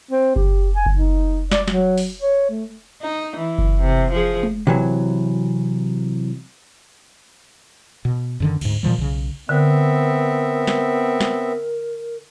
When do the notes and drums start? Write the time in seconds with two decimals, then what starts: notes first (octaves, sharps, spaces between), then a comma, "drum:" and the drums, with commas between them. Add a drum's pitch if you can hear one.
0.11 C4
0.36 G4, drum: kick F#1
0.75 G#5
0.86 drum: kick F#1
0.95 D#4
1.51 D5, drum: snare
1.68 F#3, drum: snare
1.98 drum: open hi-hat
2.22 C#5
2.49 A3
3.02 D#4
3.37 E3
3.58 drum: kick F#1
3.80 C3
4.11 F3 G#4
4.43 drum: tom G#3
4.67 C3 E3 F#3
8.05 B2
8.40 F#2 D3 D#3
8.61 D2 G#2, drum: cymbal
8.83 A#2 E3 F3 G3
8.98 B1 C#3
9.49 D3 B3 C4 A#4 E5
10.67 drum: snare
11.21 drum: snare